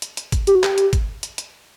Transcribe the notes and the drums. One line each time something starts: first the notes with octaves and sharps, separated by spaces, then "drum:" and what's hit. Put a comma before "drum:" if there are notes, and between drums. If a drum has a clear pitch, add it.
drum: hi-hat
drum: hi-hat
drum: kick G#1, hi-hat
G4, drum: hi-hat
F#4
G4, drum: clap
drum: hi-hat
drum: kick G#1, hi-hat
drum: hi-hat
drum: hi-hat